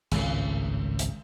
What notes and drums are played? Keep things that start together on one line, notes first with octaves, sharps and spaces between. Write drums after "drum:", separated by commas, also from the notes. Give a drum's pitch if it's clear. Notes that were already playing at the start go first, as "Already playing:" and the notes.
G#1 C#2 A2, drum: cymbal
drum: hi-hat